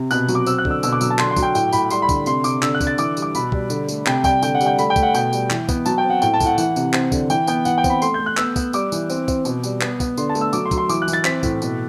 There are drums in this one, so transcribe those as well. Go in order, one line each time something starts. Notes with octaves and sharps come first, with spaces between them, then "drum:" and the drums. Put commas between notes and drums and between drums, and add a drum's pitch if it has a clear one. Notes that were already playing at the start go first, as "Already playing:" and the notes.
Already playing: C3
B2 F#6, drum: tambourine
F#3, drum: tambourine
D6
C4 E6, drum: tambourine
F#6
D3, drum: kick
E6
B2 E6, drum: tambourine
D6
F#3 E6, drum: tambourine
A5
D3 C6, drum: clap
C6
F#3, drum: kick, tambourine
G5
A2 G5, drum: tambourine
A2 B5, drum: tambourine
G3 C6, drum: tambourine
B5
D3, drum: kick, tambourine
C3 C6, drum: tambourine
C3 D6, drum: tambourine
D3 E6, drum: clap
F#6
D3, drum: kick, tambourine
A6
E3 D6, drum: tambourine
G3, drum: tambourine
D6
B2 B5, drum: tambourine
G3, drum: kick
D3, drum: tambourine
A3, drum: tambourine
C3 G5, drum: clap
G3 G5, drum: kick, tambourine
D3 G5, drum: tambourine
F#5
G3, drum: tambourine
G5
A3 B5, drum: tambourine
G5
A3, drum: kick, tambourine
F#5
B2 G5, drum: tambourine
G3, drum: tambourine
E3, drum: clap
B3, drum: kick, tambourine
F#3 A5, drum: tambourine
G5
C4
F#5
A2 G5, drum: tambourine
A5
A2, drum: kick, tambourine
F#5
E3 F#5, drum: tambourine
C3, drum: tambourine
C4, drum: clap
D3, drum: kick, tambourine
E3 G5, drum: tambourine
B3 G5, drum: tambourine
E3 F#5, drum: tambourine
G5
C4, drum: kick, tambourine
B5
A3 C6, drum: tambourine
A3 G6
F#6
B3 E6, drum: clap
B3, drum: kick, tambourine
G3 D6, drum: tambourine
E3, drum: tambourine
C4, drum: tambourine
C4, drum: kick, tambourine
B2, drum: tambourine
G3, drum: tambourine
B3, drum: clap
B3, drum: kick, tambourine
D3 C6, drum: tambourine
A5
A3, drum: tambourine
E6
F#3 D6, drum: tambourine
C6
F#3, drum: kick, tambourine
C6
E3 D6, drum: tambourine
F#6
E3, drum: tambourine
A6
C4 B6, drum: clap
A2, drum: kick, tambourine
B2, drum: tambourine